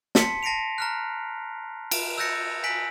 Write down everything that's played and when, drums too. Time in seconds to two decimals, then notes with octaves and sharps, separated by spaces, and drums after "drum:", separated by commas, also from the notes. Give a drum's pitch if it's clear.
0.15 A5 C6 B6 C#7, drum: snare
0.43 A5 A#6 C7 D7 F7
0.78 A#5 F6 F#6
1.91 D7, drum: cymbal
2.18 E6 F#6 G6 A6 A#6 C#7
2.63 G#5 F#6 B6 D7 F#7